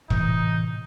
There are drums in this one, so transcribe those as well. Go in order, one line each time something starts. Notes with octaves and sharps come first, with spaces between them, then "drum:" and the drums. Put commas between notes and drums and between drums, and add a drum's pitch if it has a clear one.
A2 C3 E3 D#4, drum: kick E1